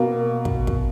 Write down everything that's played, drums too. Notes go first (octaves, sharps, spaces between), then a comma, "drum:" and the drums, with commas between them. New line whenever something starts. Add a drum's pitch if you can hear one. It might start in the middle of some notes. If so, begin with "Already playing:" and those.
Already playing: B2 A#3
drum: kick
drum: kick